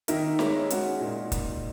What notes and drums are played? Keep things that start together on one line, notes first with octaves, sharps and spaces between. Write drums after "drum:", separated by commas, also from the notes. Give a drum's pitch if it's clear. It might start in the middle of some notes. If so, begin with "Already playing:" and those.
D#3 A#3 D#4 A#4 E5, drum: hi-hat
G#3 D#4 A#4 C#5 E5, drum: snare
G#3 C#4 F#4, drum: hi-hat
A#2 A#3 D#4 A#4
drum: kick, hi-hat